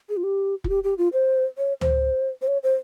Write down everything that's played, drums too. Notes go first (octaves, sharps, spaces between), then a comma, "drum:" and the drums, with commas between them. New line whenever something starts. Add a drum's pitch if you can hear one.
G#4
F4
G4
F4, drum: kick
G4
G4
F4
C5
C#5
C5, drum: tom C#2
C5
C#5
C5